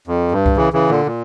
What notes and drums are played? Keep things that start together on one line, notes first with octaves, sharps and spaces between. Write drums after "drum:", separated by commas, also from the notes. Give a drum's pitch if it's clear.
F2
G2
drum: kick C2
C#3 E3
C#3 E3
A#2 D3
A#2